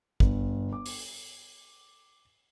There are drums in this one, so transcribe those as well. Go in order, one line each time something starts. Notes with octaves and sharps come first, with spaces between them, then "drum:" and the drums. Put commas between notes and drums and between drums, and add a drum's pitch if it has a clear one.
G1, drum: kick
D6
drum: open hi-hat